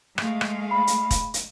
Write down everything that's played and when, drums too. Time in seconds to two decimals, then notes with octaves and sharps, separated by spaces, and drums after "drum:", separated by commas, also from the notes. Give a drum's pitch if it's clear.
0.18 G#3 A3 F5, drum: rim click
0.41 drum: rim click
0.71 B5
0.87 drum: hi-hat
1.11 drum: kick E1, hi-hat
1.34 drum: hi-hat